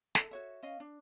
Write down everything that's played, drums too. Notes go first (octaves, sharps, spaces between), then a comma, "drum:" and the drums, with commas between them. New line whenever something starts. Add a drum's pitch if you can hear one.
A4 E5, drum: snare
F#4 C#5 E5
C#4 D#5 F5
D4